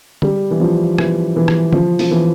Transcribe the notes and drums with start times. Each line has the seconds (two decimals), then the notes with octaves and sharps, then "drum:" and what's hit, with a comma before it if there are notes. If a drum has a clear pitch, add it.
0.22 G3, drum: tom D3
0.51 E3
0.60 F3
0.98 E3, drum: rim click
1.36 E3
1.48 drum: rim click
1.73 F3, drum: tom D3
1.99 F3, drum: open hi-hat
2.11 E3